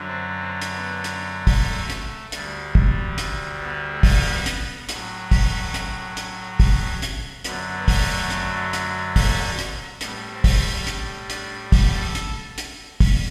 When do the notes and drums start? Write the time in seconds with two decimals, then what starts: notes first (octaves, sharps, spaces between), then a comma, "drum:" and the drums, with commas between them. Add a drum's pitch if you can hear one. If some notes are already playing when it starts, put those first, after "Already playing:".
Already playing: F#2 D3 F#3
0.08 C4
0.41 C4
0.62 drum: hi-hat
0.72 B3
1.04 drum: hi-hat
1.47 drum: kick, open hi-hat
1.68 A3
1.90 drum: hi-hat
2.32 D2 D3 G3, drum: hi-hat
2.75 drum: kick
3.18 drum: hi-hat
3.61 B3
3.92 A3
4.03 drum: kick, open hi-hat
4.25 B3
4.46 drum: hi-hat
4.89 A2 F#3, drum: hi-hat
5.31 drum: kick, open hi-hat
5.74 drum: hi-hat
6.17 drum: hi-hat
6.60 drum: kick, open hi-hat
7.02 drum: hi-hat
7.44 F#2 D3 F#3 B3, drum: hi-hat
7.77 B3
7.88 drum: kick, open hi-hat
8.09 A3
8.31 drum: hi-hat
8.73 drum: hi-hat
9.16 drum: kick, open hi-hat
9.59 drum: hi-hat
10.01 A2 G3 B3, drum: hi-hat
10.34 C4
10.44 drum: kick, open hi-hat
10.87 drum: hi-hat
11.30 D4, drum: hi-hat
11.72 drum: kick, open hi-hat
11.94 A4
12.15 drum: hi-hat
12.58 drum: hi-hat
13.00 drum: kick, open hi-hat